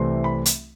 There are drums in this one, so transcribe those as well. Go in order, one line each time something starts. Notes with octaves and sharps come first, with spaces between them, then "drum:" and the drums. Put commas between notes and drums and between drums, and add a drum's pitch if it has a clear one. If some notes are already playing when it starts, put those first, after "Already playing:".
Already playing: C2 C3 E3 A3 C4 C6
B5
drum: hi-hat